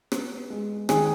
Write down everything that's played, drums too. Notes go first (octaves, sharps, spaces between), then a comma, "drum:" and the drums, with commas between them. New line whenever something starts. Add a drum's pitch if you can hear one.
B3, drum: rim click
G#3
D#3 G#4 G#5, drum: rim click